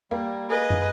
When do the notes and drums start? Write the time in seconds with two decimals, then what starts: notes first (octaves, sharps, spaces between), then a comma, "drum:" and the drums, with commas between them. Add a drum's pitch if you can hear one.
0.11 G3 A#3
0.49 G#4 B4 D#5
0.70 drum: tom